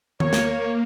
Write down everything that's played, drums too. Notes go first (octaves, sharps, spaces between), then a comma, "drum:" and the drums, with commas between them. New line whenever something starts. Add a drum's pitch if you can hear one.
A#3 C#5, drum: tom D#3
drum: snare